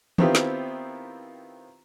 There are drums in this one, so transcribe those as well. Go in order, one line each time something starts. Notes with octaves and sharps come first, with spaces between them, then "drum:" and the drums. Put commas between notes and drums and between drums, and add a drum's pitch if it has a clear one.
D#3 B3 C4 E4 F4 G4, drum: tom
drum: snare